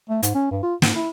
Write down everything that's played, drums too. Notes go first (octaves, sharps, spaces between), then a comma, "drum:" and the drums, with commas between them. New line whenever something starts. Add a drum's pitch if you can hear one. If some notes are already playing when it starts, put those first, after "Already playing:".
A3
G#2, drum: hi-hat
C#4
G2
F4
G#2, drum: snare
E4